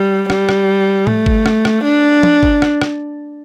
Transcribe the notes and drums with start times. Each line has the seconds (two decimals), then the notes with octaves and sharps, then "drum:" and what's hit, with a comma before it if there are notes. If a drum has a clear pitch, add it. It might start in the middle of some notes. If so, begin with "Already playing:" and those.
Already playing: G3
0.30 G3, drum: rim click
0.49 drum: rim click
1.07 A3, drum: tom A2
1.26 drum: kick G1
1.46 drum: rim click
1.65 drum: rim click
1.84 D4
2.23 drum: tom
2.43 drum: kick G1
2.62 drum: rim click
2.81 drum: rim click